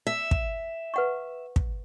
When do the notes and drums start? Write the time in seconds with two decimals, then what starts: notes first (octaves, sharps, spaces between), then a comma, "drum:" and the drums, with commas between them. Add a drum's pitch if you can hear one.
0.07 E5
0.31 drum: kick
0.94 B4 F#5 C#6
1.56 drum: kick